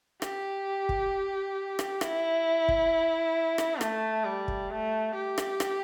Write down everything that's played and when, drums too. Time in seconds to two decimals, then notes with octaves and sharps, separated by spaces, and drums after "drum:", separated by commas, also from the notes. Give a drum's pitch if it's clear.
0.22 G4, drum: rim click
0.89 drum: kick
1.79 drum: rim click
2.01 E4, drum: rim click
2.68 drum: kick
3.58 drum: rim click
3.81 A3, drum: rim click
4.25 G3
4.48 drum: kick
4.71 A3
5.15 G4
5.38 drum: rim click
5.60 drum: rim click